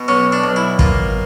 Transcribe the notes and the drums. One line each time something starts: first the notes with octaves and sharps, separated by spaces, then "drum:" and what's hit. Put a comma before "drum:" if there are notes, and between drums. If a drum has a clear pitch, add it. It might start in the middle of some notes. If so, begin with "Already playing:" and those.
Already playing: B2
B1 C#4
D4
B1
E4
A#3 F4, drum: kick